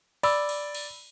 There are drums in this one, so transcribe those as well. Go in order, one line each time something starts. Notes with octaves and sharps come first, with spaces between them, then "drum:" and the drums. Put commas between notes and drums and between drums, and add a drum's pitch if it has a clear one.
D5 B5 E6, drum: cymbal
drum: cymbal
drum: cymbal